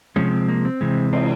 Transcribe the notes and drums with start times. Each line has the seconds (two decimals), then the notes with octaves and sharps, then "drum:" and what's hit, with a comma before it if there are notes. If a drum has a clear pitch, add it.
0.16 C3 F3 G#3 C#4
0.32 C4
0.48 A#3
0.65 C4
0.81 C3 E3 G#3
1.13 C4, drum: cymbal